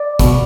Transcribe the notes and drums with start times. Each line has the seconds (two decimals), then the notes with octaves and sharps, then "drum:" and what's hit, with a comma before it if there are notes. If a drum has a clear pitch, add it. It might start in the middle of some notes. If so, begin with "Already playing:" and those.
Already playing: D5
0.19 B2, drum: kick G#1, hi-hat